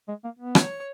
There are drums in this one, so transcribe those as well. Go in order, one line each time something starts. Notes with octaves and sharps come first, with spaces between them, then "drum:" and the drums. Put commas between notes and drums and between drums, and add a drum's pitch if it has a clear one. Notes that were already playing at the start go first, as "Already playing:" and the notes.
G#3
A#3
B3
C#5, drum: rim click